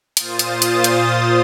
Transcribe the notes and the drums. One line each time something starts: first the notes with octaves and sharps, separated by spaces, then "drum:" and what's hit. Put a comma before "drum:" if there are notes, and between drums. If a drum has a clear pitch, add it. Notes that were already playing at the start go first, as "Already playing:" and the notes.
A#2 F4 C5 D#6 A6, drum: hi-hat
drum: hi-hat
drum: hi-hat
drum: hi-hat